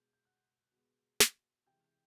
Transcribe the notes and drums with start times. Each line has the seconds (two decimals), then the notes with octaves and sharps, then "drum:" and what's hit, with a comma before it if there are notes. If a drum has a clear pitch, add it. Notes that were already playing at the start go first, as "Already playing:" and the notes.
Already playing: B2 G#3 B3 G6
0.13 G6
0.25 F#5 F#6
0.72 B2 G#3 B3
1.20 drum: snare
1.66 C3 E3 G#3 G5 G6